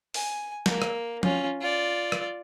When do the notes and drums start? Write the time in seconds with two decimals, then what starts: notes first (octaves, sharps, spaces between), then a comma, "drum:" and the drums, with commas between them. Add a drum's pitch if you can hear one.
0.14 G#5, drum: open hi-hat
0.66 A#3, drum: snare
0.82 drum: rim click
1.23 C#4 F4, drum: tom
1.60 F4 D5
2.12 drum: rim click